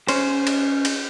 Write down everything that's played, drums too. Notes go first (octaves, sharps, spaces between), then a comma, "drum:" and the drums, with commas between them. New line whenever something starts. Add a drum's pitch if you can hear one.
C#4 C5, drum: cymbal
drum: cymbal
drum: cymbal